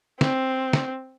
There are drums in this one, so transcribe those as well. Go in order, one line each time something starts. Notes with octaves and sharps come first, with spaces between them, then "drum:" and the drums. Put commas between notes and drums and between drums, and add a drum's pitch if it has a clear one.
C4, drum: snare
drum: snare